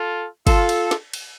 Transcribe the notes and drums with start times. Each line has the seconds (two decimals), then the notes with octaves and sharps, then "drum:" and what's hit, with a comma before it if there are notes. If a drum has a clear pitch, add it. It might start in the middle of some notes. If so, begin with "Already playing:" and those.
Already playing: F4 A4
0.47 F4 A4, drum: kick, cymbal
0.69 drum: cymbal
0.91 drum: snare
1.13 drum: cymbal